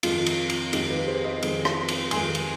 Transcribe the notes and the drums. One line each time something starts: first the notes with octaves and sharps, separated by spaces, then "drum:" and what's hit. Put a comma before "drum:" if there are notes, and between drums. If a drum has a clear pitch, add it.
F2 D#3 G#3 F4, drum: cymbal
drum: cymbal
drum: cymbal
F2 D#3 G#3 D#4 G4, drum: cymbal
G4 B4
G#4 C5
C5 D#5
F2 D#3 G#3, drum: cymbal
drum: rim click
drum: cymbal
F2 D#3 G#3 G#5 C6, drum: cymbal
drum: cymbal